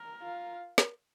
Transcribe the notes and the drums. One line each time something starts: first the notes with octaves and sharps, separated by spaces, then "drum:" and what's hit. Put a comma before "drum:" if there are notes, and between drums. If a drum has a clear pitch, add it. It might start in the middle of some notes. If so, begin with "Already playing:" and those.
Already playing: A#4
F4
drum: snare